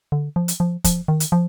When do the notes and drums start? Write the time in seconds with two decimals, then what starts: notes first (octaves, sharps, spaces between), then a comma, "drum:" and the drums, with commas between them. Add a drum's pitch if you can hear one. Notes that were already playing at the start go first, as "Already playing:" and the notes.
0.12 D3
0.36 F3
0.48 drum: hi-hat
0.60 F3
0.84 F3, drum: kick, hi-hat
1.08 D#3
1.20 drum: hi-hat
1.32 F3